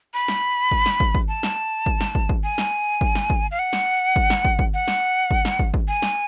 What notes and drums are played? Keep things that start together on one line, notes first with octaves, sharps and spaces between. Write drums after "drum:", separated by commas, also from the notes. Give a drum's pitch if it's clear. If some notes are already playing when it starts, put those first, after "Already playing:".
B5
drum: snare
drum: kick
drum: snare
drum: kick
drum: kick
A5
drum: snare
drum: kick
drum: snare
drum: kick
drum: kick
G#5
drum: snare
drum: kick
drum: snare
drum: kick
F5
F#5
drum: snare
drum: kick
drum: snare
drum: kick
drum: kick
F#5
drum: snare
drum: kick
drum: snare
drum: kick
drum: kick
G#5
drum: snare